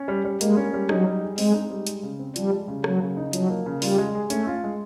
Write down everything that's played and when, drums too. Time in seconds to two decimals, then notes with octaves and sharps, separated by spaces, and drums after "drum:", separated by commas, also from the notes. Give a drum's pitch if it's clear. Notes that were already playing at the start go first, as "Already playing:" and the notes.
Already playing: C#4
0.08 G3
0.25 G3
0.41 G#3 A#3, drum: hi-hat
0.57 C#4
0.73 G3
0.89 F#3 D#4, drum: rim click
1.06 G3
1.22 G#4
1.38 G#3 C4, drum: open hi-hat
1.54 D#4
1.70 G3
1.87 G#3, drum: hi-hat
2.03 C#3
2.19 C4
2.36 F3 G3, drum: hi-hat
2.52 G#3
2.68 C#3
2.84 F#3 A#3, drum: rim click
3.00 C#3
3.17 D#4
3.33 F3 F#3, drum: hi-hat
3.50 A#3
3.66 C#3
3.82 G3 F4, drum: open hi-hat
3.98 G#3
4.15 G#4
4.30 A3 C#4, drum: hi-hat
4.47 F4
4.64 G#3